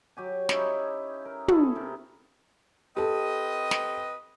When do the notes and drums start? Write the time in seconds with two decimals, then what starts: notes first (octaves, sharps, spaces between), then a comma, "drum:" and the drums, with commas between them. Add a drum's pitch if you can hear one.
0.17 F#3 G4 G#5
0.49 C#4 D#4 E4, drum: snare
1.25 A#4
1.48 E4 G#4 A4, drum: tom
1.75 C3 A#4
2.97 C4 G4 A4 B4 D#5
3.71 drum: snare